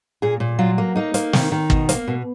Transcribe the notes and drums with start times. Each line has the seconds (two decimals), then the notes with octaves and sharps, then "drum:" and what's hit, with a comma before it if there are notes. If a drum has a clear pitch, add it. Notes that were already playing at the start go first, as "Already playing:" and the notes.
0.22 A#2 G#4
0.40 A#2
0.59 F#3 F4
0.78 A#3
0.96 A#3 D#4
1.14 A#3, drum: hi-hat
1.33 D#3, drum: snare
1.52 D#3
1.70 B2, drum: kick
1.89 A#3, drum: hi-hat
2.07 B2